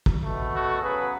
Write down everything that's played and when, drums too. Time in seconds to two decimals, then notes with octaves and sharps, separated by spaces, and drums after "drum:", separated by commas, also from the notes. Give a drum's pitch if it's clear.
0.06 drum: kick
0.24 B2 A3
0.53 F#4 A4
0.81 C#3 F#3 B3 G#4 B4